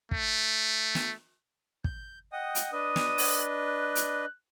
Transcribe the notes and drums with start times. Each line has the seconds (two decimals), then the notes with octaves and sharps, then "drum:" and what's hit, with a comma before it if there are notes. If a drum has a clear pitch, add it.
0.11 A3, drum: kick
0.95 drum: snare
1.84 G6, drum: kick
2.32 D#5 F#5 G5 D#6
2.55 drum: hi-hat
2.73 D4 B4 D#5 D#6
2.96 drum: snare
3.18 drum: open hi-hat
3.63 F#6
3.95 drum: hi-hat